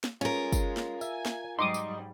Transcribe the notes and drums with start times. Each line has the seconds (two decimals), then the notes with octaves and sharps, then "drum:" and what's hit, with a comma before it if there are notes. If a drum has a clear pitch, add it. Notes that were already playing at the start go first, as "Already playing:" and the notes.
0.04 drum: snare
0.21 G#3 C#4 F4 A#4
0.52 drum: kick, tambourine
0.77 drum: snare
1.01 E5 G#5, drum: tambourine
1.26 drum: snare
1.59 G#2 F#3 G3 D#4 C6 D6 D#6
1.74 drum: tambourine